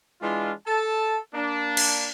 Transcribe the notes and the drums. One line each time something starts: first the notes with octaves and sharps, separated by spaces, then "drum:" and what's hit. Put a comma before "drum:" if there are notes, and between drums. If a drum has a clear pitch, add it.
E3 G#3 D4 F4
A4 A5
A#3 D4
drum: cymbal